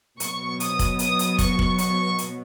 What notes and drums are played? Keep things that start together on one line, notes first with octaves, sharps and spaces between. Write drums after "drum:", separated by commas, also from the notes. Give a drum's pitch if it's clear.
B2 F#3 B3 C#6, drum: hi-hat
D#6, drum: hi-hat
drum: kick, hi-hat
D#6, drum: hi-hat
drum: hi-hat
C#6, drum: kick, hi-hat
drum: kick
C#6, drum: hi-hat
drum: hi-hat